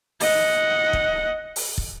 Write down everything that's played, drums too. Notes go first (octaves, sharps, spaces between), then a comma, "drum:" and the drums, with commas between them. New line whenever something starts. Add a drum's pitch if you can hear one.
D#5 F#5, drum: open hi-hat
drum: kick
drum: open hi-hat
drum: kick